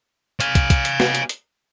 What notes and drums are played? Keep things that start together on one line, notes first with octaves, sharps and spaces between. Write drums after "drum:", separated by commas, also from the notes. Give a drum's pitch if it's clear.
F5 G#5, drum: hi-hat
drum: kick, hi-hat
drum: kick, hi-hat
drum: hi-hat
drum: snare
drum: hi-hat
drum: hi-hat